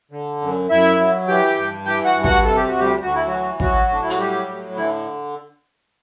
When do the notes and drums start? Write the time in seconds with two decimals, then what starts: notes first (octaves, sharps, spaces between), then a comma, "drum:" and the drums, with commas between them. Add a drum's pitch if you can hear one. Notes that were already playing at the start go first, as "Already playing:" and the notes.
0.11 D3
0.41 F#2
0.70 F#2 E4 E5
0.99 F#3
1.27 E3 G4 G5
1.57 G2
1.85 E3 G4 G5
2.05 F#4 F#5
2.14 G2
2.24 F#4 F#5, drum: kick
2.44 C3 A4
2.56 G4
2.68 F#4
2.73 D2
2.79 G3 G4
3.02 D2 F#4
3.15 E4
3.26 E3 F#3 F#4
3.60 F#3 F#4, drum: kick
3.88 A2 D4
4.02 E4
4.10 F#4, drum: hi-hat
4.18 F#3 G3 G4
4.47 A2
4.76 D3 E3 E4